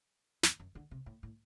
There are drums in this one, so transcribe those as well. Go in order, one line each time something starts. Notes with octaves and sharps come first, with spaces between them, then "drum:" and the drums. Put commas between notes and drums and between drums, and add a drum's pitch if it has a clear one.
E2, drum: snare
F#2
D3
C3
A2
A2